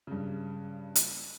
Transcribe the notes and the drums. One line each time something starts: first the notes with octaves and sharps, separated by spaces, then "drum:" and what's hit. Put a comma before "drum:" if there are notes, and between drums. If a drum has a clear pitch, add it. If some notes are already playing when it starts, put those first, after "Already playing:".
G2 C#3
drum: hi-hat